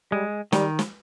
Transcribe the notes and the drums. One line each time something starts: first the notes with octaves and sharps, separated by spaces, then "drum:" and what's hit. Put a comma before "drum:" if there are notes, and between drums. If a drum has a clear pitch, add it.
G3 G#3
D#3 G3, drum: snare
drum: snare